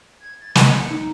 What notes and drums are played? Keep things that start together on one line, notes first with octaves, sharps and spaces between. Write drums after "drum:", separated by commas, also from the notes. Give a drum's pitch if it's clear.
G#6
A6
G#3, drum: snare
C#7
D#4